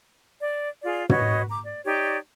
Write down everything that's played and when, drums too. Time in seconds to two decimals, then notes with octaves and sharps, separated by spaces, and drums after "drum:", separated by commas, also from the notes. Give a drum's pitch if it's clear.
0.40 D5
0.84 F4 G#4 D5
1.09 F#4 B4 C#5 D#5, drum: tom
1.49 A#5 D6
1.63 D5
1.85 D#4 G4 C#5 D5